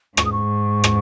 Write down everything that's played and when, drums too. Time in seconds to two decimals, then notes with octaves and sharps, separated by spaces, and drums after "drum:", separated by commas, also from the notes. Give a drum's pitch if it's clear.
0.17 G#2 C#6, drum: rim click
0.25 D#6
0.32 C#6
0.84 drum: rim click